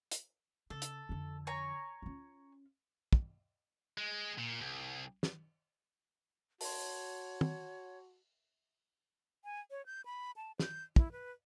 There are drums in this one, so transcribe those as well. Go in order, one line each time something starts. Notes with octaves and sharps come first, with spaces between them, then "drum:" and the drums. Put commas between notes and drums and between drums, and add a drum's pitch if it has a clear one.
drum: hi-hat
C#3 A4
drum: hi-hat
F2 D3
C#5 G#5 A#5
C#4 F4
drum: kick
G#3
A#2
C2
drum: snare
F#4 C#5 A5 C6, drum: open hi-hat
drum: tom
G#5
C#5
G6
B5
A5
G6, drum: snare
E4, drum: kick
B4